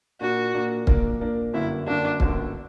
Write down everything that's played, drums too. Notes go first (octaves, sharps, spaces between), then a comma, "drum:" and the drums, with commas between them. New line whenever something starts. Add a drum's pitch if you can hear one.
A#2 A#3 D4 F#4 A#4
A#2 A#3 D4 A#4
A#2 A#3 D4 A#4, drum: kick
A#2 A#3 D4 A#4
G1 F#2 D3 A#3 E4
G1 F#2 D3 A#3 D4
G1 F#2 D3 A#3, drum: kick